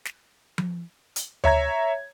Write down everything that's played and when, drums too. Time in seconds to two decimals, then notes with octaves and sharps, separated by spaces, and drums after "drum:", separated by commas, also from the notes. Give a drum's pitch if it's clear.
0.05 drum: snare
0.58 drum: tom F3
1.16 drum: hi-hat
1.44 C#5 E5 A#5 G#6, drum: tom D2